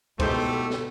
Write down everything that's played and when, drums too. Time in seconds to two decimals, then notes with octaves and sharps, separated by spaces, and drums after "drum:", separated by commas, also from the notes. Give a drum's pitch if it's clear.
0.20 B2 G#3 A3 D#4 E4 G4 A4 C5, drum: kick C2, cymbal
0.70 drum: snare